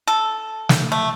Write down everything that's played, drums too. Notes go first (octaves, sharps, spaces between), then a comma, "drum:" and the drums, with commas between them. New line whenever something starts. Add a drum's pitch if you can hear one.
A4
drum: snare
A3